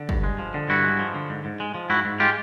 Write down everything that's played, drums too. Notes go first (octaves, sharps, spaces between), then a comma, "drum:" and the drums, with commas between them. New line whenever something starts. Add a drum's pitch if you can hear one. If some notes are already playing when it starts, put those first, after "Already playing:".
Already playing: D3
G2, drum: kick
G#3
F3
D3
G2 E4 F#4
G#3
F3
D3
G#2
G#2
G#3
F3
G#2 E4 F#4
G#2
G#3 F4 G4